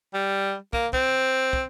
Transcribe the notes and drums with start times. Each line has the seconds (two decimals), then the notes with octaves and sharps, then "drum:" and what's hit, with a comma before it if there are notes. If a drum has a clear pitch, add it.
0.14 G3
0.73 A#3, drum: kick
0.93 C4, drum: kick
1.53 drum: kick